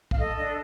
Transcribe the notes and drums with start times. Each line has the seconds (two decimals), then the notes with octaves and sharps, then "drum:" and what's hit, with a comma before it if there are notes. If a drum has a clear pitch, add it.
0.11 F5, drum: kick
0.18 A4 D#5
0.36 D4 D#5